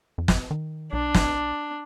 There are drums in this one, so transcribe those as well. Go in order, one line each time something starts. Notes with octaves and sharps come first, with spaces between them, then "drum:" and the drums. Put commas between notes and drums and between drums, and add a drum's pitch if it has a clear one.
F2
drum: snare
D#3
B1 D4
drum: snare